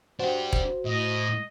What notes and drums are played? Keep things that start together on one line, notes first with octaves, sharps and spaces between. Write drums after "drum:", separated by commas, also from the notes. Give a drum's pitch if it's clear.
D4 F#4 G4 C5
drum: kick E1
A2 D#5